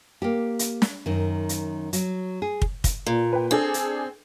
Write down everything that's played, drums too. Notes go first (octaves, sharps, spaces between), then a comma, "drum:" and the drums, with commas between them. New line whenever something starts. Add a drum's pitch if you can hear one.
A#3 G4
drum: hi-hat
drum: snare
F#2 D#3
drum: hi-hat
F#3, drum: hi-hat
G#4
drum: kick
drum: kick, hi-hat
A#2
B4 G5
C4 D4 G#4 A4
drum: hi-hat